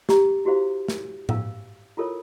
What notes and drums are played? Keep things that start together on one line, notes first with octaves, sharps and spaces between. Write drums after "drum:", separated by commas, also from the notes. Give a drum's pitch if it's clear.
G4 A#5, drum: snare
E4 F#4 G4 C5 F5
drum: snare
F5 E6, drum: tom A2
E4 F4 A4 A#4 C#5